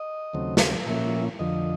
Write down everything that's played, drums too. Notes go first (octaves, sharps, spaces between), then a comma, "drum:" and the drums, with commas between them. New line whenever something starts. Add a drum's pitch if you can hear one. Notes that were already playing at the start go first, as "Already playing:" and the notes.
Already playing: D#5
D#2 C#3 F#3 A3 C4
drum: snare
A#2 F3 A#3 C#4 E5
F2 D3 F3 D#5